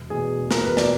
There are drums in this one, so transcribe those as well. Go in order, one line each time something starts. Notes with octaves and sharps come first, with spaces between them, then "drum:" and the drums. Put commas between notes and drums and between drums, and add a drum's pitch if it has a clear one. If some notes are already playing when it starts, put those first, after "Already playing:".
Already playing: E1
E2 B2 G#4
E1
A#4, drum: snare
E2 B2 B4
D5, drum: snare